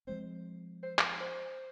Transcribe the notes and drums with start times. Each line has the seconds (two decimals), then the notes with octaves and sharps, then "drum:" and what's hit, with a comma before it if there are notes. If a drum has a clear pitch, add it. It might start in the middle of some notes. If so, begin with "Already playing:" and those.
0.07 F3 G#3 C4 C5
0.83 C5
0.99 drum: clap
1.20 C5